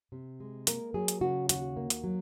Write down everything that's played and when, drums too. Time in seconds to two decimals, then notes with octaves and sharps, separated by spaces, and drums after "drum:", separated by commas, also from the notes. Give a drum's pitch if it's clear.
0.12 C3
0.40 G#3
0.67 A#3 A#4, drum: hi-hat
0.94 F#3 G#4
1.08 drum: hi-hat
1.21 C#3 F#4
1.49 D#2 F#4, drum: hi-hat
1.77 A#3
1.90 drum: hi-hat
2.04 F#3